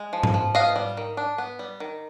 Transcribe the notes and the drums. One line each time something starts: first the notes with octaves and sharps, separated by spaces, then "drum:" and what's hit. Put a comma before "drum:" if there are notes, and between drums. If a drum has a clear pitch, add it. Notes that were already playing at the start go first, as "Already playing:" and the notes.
Already playing: G#3
F3
drum: tom G#2
F3
B3 D#5 F5
G3
D#3
D4
B3
G3
D#3